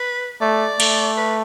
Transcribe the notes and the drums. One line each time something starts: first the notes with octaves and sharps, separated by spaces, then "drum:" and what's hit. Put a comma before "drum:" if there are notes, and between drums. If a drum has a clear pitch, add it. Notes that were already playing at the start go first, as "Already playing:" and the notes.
Already playing: B4
A3 D5
A3, drum: cymbal
B4